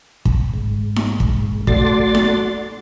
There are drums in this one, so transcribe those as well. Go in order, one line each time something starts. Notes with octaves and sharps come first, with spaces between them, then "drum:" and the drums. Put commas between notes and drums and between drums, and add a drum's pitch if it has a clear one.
drum: kick
G#2
drum: snare D#4
drum: kick
A3 F#4 D5 C6 A6, drum: kick
drum: snare D#4